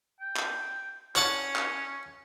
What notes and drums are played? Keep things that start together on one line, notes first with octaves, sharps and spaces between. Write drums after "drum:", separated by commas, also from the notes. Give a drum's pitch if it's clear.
G5
drum: clap
C#4 C#5 F#5 A5, drum: clap
drum: clap